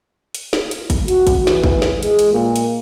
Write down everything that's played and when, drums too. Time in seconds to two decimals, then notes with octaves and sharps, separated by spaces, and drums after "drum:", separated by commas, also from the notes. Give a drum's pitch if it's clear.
0.34 drum: hi-hat
0.53 drum: snare
0.71 drum: hi-hat
0.90 drum: kick, hi-hat
1.08 F#4, drum: hi-hat
1.27 drum: kick, hi-hat
1.47 E3, drum: snare
1.63 drum: kick
1.82 drum: snare
2.03 G#3, drum: hi-hat
2.19 drum: hi-hat
2.32 A#2
2.56 drum: hi-hat